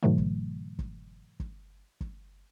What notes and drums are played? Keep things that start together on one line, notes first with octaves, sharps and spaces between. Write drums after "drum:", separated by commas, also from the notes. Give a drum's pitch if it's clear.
G#2 B2 D3 E3 F#3 A3
drum: kick
drum: kick
drum: kick
drum: kick